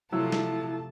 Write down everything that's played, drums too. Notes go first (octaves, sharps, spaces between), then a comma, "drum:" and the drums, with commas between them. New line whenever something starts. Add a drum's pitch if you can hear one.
C3 F3 F#3 A3 E4 A5 E6
drum: snare